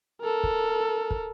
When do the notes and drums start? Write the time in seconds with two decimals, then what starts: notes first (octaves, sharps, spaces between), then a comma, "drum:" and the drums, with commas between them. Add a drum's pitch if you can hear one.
0.21 A4 A#4
0.43 drum: kick
1.11 drum: kick